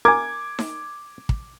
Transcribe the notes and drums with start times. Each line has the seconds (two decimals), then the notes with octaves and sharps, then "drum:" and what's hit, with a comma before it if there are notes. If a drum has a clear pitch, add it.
0.05 A#4 G#5 D6 G#6
0.59 drum: snare D#4
1.29 drum: kick